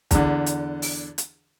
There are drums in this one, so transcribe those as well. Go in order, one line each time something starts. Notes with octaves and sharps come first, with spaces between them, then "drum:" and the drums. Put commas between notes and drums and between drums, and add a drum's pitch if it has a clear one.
E2 D3, drum: kick, hi-hat
drum: hi-hat
drum: open hi-hat
drum: hi-hat